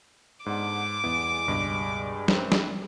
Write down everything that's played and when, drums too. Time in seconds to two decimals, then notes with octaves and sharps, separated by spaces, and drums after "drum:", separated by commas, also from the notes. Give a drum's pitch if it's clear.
0.46 G#2 D3 B3 D4 D6
1.04 E2 G3 G#3 B3 E4 G#4
1.48 C#2 G2 B2 D#5
2.28 E3 G3 C4 C#4 A#4, drum: snare
2.52 drum: snare